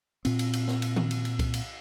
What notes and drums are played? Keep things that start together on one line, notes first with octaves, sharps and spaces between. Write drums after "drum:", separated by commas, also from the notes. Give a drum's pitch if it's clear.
A#2 C4, drum: cymbal
drum: cymbal
drum: cymbal
drum: snare
drum: cymbal
drum: tom D#3
drum: cymbal
drum: cymbal
drum: kick C2, cymbal
drum: cymbal